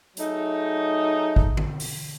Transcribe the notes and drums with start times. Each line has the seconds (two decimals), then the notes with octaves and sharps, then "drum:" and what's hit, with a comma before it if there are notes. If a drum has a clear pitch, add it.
0.17 F#3 A3 D#4 G#4, drum: hi-hat
1.36 drum: kick
1.57 drum: tom D3
1.80 drum: open hi-hat